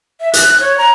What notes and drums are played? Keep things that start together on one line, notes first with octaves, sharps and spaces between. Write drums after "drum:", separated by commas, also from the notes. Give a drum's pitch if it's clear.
E5
F#6, drum: hi-hat
C#5
A#5